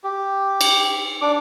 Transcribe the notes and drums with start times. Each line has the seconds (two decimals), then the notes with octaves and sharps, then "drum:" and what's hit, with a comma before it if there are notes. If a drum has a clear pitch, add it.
0.04 G4
0.61 drum: cymbal
1.21 D4 D6